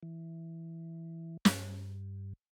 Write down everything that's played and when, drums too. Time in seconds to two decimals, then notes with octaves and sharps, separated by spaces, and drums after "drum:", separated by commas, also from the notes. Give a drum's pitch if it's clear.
0.03 E3
1.45 G2, drum: snare